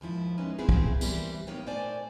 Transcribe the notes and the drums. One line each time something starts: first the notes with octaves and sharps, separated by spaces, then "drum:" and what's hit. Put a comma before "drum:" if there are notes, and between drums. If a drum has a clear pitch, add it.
D#2 G#2 F3 E4 F4
G#3 A#3 B3 C#4 D#4
B3 C4 E4 F4 G#4
drum: kick
A#2 E3 G3 A#3 C4 E4, drum: tambourine
A#3 B3 D#4 C#5 F5 G5
A#2 A3 C5 D5 G#5